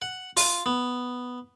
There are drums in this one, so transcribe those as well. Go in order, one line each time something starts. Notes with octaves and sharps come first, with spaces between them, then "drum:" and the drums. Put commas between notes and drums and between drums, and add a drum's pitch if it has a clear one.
F#5
F4, drum: open hi-hat
B3